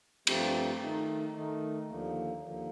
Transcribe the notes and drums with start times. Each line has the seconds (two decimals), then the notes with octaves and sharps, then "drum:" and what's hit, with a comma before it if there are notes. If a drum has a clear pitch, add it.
0.27 G2 F3 A3 C4 G4, drum: cymbal
0.81 D#3 A3 D#4
1.35 D#3 A3 D#4
1.89 D#2 D3 F3 A#3
2.43 D#2 D3 F3 A#3